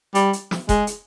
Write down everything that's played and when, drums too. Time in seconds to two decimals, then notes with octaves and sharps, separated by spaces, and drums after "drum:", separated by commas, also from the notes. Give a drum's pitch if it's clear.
0.15 G3, drum: hi-hat
0.33 drum: hi-hat
0.51 drum: snare
0.69 G#3, drum: kick F1, hi-hat
0.87 drum: hi-hat